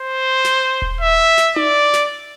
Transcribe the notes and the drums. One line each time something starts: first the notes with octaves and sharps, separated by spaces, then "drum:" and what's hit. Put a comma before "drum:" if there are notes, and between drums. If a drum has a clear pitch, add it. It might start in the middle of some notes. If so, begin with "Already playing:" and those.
Already playing: C5
drum: snare
drum: kick D#1
E5
drum: snare
D5, drum: tom D#4
drum: snare